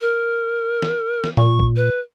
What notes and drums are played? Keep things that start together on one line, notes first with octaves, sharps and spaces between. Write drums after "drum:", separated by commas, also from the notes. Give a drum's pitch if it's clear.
A#4
drum: snare
drum: snare
A#2 C#6, drum: tom A2
drum: kick
B4